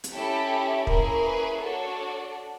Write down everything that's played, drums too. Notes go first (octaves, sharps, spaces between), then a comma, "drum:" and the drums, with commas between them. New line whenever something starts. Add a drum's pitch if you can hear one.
drum: hi-hat
C#4 E4 G4 A4
A#3 C#4 E4 G#4 A#4, drum: kick
B4
D4 F#4 A4 C#5